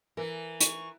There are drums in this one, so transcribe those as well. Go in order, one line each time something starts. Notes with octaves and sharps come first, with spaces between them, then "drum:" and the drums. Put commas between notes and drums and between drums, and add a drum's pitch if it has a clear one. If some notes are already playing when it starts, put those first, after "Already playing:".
E3 A#4
C#6, drum: hi-hat